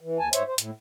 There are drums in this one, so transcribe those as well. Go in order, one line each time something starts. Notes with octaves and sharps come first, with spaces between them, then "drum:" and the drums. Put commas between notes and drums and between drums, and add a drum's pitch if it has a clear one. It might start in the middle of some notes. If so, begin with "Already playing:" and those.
E3
D#2 G#5 A5
G#2 C5 C#5 E5, drum: hi-hat
C5
A2, drum: hi-hat